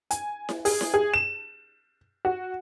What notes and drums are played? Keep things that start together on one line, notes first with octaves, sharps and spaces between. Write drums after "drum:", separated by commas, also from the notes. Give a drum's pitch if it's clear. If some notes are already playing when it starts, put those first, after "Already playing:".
G#5, drum: hi-hat
drum: snare E4
G#4, drum: open hi-hat
drum: snare E4
G#4
E7
F#4